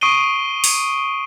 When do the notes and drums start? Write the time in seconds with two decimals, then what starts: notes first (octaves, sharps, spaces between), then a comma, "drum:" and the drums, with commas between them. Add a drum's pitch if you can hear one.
0.01 C#6 D#6 C7 D7 D#7 G7
0.64 drum: open hi-hat